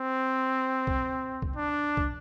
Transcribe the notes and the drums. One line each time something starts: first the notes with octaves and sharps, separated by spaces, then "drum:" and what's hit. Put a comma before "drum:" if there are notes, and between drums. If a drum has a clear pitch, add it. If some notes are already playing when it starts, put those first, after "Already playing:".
Already playing: C4
drum: kick B1
drum: kick B1
D4
drum: kick B1